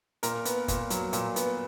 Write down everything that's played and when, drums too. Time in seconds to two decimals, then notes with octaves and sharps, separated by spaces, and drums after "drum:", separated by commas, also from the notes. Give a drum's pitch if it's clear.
0.23 A#2 A#4, drum: hi-hat
0.45 B3, drum: hi-hat
0.68 A#2, drum: kick, hi-hat
0.90 F#3, drum: hi-hat
1.13 A#2, drum: hi-hat
1.36 B3, drum: hi-hat